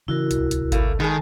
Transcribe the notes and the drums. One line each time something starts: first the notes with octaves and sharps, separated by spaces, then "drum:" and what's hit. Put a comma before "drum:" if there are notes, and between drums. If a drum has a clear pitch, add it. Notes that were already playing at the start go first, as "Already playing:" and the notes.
C#3 E3 E4 F#4 A#4
D1 C2, drum: hi-hat
drum: hi-hat
A3 A#3, drum: kick G#1, hi-hat
D#3 G#3 G#4 A4 G#5 A5